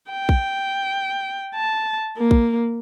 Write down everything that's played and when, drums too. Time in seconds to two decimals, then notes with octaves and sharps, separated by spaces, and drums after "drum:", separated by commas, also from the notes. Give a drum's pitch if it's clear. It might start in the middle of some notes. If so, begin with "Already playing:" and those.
0.12 G5
0.29 drum: kick A#1
1.55 A5
2.17 A#3
2.31 drum: kick A#1